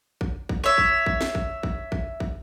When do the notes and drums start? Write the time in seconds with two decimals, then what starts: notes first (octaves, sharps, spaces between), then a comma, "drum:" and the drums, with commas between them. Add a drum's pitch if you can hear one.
0.21 drum: kick
0.49 drum: kick
0.64 C#5 E5
0.78 drum: kick
1.06 drum: kick
1.21 drum: snare
1.35 drum: kick
1.63 drum: kick
1.92 drum: kick
2.20 drum: kick